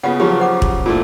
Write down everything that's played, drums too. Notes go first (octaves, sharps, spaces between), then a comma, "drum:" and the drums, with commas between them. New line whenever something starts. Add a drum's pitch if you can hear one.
C#3 B3 F4 F#5
C#3 F3 F#3 G4 G#4
C5 F#5 D6
drum: kick
A#2 E3 A3